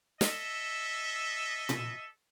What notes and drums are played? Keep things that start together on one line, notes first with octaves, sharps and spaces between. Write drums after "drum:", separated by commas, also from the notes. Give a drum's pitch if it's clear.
A4 D#5 E5, drum: snare
drum: tom A#2